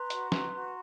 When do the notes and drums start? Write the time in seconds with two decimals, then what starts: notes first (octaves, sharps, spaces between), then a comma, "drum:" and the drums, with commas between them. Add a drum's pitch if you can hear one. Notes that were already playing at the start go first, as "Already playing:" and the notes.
Already playing: B4 A#5 C6
0.10 F#4, drum: hi-hat
0.32 B4, drum: snare
0.54 F#4